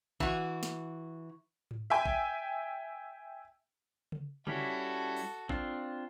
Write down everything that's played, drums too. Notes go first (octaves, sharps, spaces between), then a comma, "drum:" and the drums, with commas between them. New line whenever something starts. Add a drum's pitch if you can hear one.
E3 F#4, drum: kick A1
drum: snare
drum: tom G#2
E5 G5 G#5
drum: kick A1
drum: tom C#3
G3 C#4 E4 F#4 A4, drum: tom C#3
drum: open hi-hat
C4 D4 F4, drum: kick A1